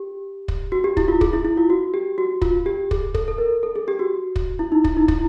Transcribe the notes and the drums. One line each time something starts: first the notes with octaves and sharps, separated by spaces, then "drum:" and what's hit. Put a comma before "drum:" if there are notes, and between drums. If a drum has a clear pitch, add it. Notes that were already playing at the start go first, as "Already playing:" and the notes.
Already playing: G4
drum: kick
F#4
G4
E4, drum: kick
F4
G#4, drum: kick
E4
E4
F4
F#4
G4
F#4
F4, drum: kick
G4
G#4, drum: kick
A4, drum: kick
A4
A#4
A4
G#4
G4
F#4
drum: kick
E4
D#4
E4, drum: kick
D#4
E4, drum: kick